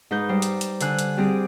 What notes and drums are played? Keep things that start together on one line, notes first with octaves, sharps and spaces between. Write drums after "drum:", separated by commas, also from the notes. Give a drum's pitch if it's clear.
G#2 D#4 B4 G6
G3 C5
drum: hi-hat
drum: hi-hat
D3 C5 G#5 F#6, drum: hi-hat
drum: hi-hat
G3 C4 G4 G#4